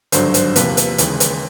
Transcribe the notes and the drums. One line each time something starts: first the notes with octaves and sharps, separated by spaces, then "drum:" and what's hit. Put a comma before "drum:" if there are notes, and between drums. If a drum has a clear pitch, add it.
G#1 G2 D3 F#3 C5, drum: hi-hat
C5, drum: hi-hat
E2 C3 F3 A#3 B4, drum: hi-hat
drum: hi-hat
D#2 C#3 E3 G#3, drum: hi-hat
drum: hi-hat